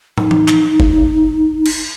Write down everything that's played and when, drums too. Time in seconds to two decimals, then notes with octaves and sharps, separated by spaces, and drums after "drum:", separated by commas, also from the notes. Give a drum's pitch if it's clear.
0.18 D#4, drum: tom
0.31 drum: tom E3
0.48 drum: clap
0.80 drum: kick
1.66 drum: cymbal